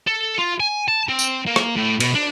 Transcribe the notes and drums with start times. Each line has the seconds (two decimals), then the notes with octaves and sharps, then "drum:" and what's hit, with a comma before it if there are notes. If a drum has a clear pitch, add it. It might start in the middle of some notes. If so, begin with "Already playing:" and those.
0.07 A4
0.39 F4
0.60 G#5
0.88 A5
1.09 C4
1.19 drum: tambourine
1.47 A#3
1.56 drum: rim click
1.77 A2
2.00 B2, drum: cymbal
2.15 D4